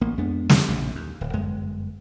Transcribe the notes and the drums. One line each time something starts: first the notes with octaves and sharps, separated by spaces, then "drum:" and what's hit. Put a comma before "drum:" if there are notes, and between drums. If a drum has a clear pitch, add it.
A1 A#3
F2 G#3 B3 D4
drum: snare
A#1 A2
D#2
D1
G1 F#2 G#3